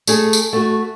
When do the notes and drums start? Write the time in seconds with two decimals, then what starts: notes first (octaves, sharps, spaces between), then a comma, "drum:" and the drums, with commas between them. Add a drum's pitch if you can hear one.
0.07 A3 G#4 A4, drum: tambourine
0.33 drum: tambourine
0.53 A3 F#4